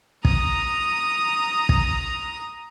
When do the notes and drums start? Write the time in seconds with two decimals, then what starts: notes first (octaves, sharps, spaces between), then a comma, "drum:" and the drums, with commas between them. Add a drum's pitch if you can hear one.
0.25 A#5 D#6, drum: kick
1.69 drum: kick